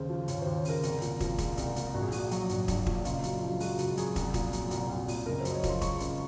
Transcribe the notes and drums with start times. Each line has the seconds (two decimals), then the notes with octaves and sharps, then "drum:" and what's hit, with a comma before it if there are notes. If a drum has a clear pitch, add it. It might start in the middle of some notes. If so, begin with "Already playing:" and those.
Already playing: D#2 C#3 C5
0.09 F3
0.28 D#2 C#5, drum: hi-hat
0.42 C5
0.46 D#2
0.56 C#5
0.65 C#3 A#4, drum: open hi-hat
0.83 C2, drum: hi-hat
1.02 A#2, drum: hi-hat
1.20 F3, drum: kick, hi-hat
1.38 G#3, drum: kick, hi-hat
1.57 C2, drum: hi-hat
1.76 A#2, drum: hi-hat
1.94 A#1 F#4
2.03 G#4
2.12 A#2 F#4, drum: open hi-hat
2.31 F#3, drum: hi-hat
2.49 A#1, drum: hi-hat
2.68 A#1, drum: kick, hi-hat
2.86 A#2, drum: kick
3.05 F#1 F4, drum: hi-hat
3.23 F#2, drum: hi-hat
3.42 F3
3.60 G#3 F#4, drum: open hi-hat
3.78 F#1 F#4, drum: hi-hat
3.97 F#2 G#4, drum: hi-hat
4.16 C2, drum: kick, hi-hat
4.34 A#2, drum: kick, hi-hat
4.53 F#3, drum: hi-hat
4.71 C2, drum: hi-hat
4.90 C2
5.08 A#2, drum: open hi-hat
5.26 F#1 A#4
5.40 C5
5.45 F#2, drum: hi-hat
5.50 D#5
5.54 C#5
5.64 F3, drum: kick, hi-hat
5.69 C6
5.81 G#3 C#6, drum: kick, hi-hat
6.00 F#1, drum: hi-hat